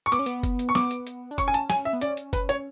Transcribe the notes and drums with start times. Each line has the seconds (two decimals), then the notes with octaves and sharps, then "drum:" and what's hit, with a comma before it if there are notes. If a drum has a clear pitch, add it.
0.06 C#6
0.12 B3 D6, drum: hi-hat
0.19 C#4
0.26 B3, drum: hi-hat
0.43 drum: kick F#1, hi-hat
0.59 drum: hi-hat
0.69 C#6
0.75 B3 D6, drum: snare
0.91 drum: hi-hat
1.07 drum: hi-hat
1.31 D4
1.38 C#4 C#6, drum: kick F#1, hi-hat
1.48 G#5
1.54 A5, drum: hi-hat
1.70 G#5, drum: snare
1.85 E5
1.93 B3
2.01 C#4 D5, drum: hi-hat
2.17 drum: hi-hat
2.33 B4, drum: kick F#1, hi-hat
2.49 C#5, drum: hi-hat